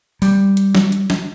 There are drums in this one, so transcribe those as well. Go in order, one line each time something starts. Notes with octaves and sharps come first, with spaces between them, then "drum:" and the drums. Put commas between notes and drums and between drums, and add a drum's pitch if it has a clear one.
G3, drum: open hi-hat
drum: hi-hat
drum: snare
drum: hi-hat
drum: snare